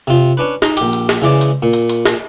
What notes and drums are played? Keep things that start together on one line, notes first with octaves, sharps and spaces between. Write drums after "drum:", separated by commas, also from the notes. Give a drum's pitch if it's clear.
C3 F4
C#4 D4 B4
D#4, drum: snare
A#1 G4, drum: hi-hat
drum: hi-hat
drum: snare
C#3 E3 G#3 D5
drum: hi-hat
A#2
drum: hi-hat
drum: hi-hat
drum: snare